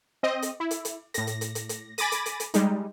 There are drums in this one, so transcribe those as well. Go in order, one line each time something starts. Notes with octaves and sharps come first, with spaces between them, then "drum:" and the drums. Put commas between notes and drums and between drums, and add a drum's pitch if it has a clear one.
C4 D#5
drum: hi-hat
E4
drum: hi-hat
drum: hi-hat
A2 A#6, drum: hi-hat
drum: hi-hat
drum: hi-hat
drum: hi-hat
drum: hi-hat
G#5 B5 D6 A6 A#6 D#7, drum: hi-hat
drum: hi-hat
drum: hi-hat
drum: hi-hat
G3 G#3 D#4, drum: hi-hat